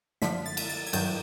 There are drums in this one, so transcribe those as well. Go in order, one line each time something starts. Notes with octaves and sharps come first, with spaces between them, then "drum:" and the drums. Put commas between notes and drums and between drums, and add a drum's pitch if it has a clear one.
F#2 D3 F3 B6, drum: snare
A6
drum: cymbal
A6
G#6
G2 D#3 F#3 G6, drum: cymbal